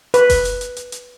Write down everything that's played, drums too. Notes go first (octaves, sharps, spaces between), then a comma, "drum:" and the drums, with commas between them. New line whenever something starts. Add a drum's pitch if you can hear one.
B4, drum: hi-hat
drum: kick F#1, open hi-hat
drum: hi-hat
drum: hi-hat
drum: hi-hat
drum: hi-hat